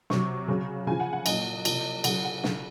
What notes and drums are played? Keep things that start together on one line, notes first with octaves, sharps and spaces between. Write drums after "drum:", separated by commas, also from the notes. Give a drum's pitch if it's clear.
C3 F#3 C#6, drum: snare
C#3 F#3
C#3 F3 G#5
F#5
F#5
A#2 F#3 D#5, drum: cymbal
C3 F3, drum: cymbal
C#3 F#3 F#5, drum: cymbal
F#5
C#3 F#3, drum: snare